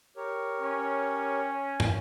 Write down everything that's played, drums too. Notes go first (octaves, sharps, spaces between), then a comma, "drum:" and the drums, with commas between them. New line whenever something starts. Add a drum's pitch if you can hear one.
G4 A#4 C#5
C#4
drum: tom